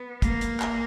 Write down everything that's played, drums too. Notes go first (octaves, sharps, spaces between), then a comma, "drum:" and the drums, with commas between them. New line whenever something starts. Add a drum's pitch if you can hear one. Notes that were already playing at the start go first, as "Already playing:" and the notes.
Already playing: B3
A#3, drum: kick, hi-hat
drum: hi-hat
drum: clap